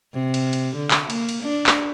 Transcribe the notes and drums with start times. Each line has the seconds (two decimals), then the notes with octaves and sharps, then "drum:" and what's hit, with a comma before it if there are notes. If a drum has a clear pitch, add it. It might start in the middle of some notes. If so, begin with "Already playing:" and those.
0.14 C3
0.34 drum: cymbal
0.53 drum: cymbal
0.77 D3
0.91 drum: clap
1.10 A#3, drum: cymbal
1.29 drum: cymbal
1.44 D4
1.66 drum: clap